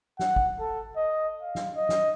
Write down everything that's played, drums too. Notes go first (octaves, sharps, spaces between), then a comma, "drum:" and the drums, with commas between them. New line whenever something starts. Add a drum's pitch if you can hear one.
F#5, drum: snare
drum: kick
A4
D#5
F5
drum: snare
D#5
drum: snare